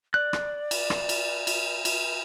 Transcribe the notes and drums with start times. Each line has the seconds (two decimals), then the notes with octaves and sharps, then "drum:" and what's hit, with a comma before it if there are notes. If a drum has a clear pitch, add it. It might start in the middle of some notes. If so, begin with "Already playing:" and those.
0.14 D5 F#6
0.33 drum: rim click
0.71 drum: cymbal
0.90 drum: rim click
1.09 drum: cymbal
1.47 drum: cymbal
1.85 drum: cymbal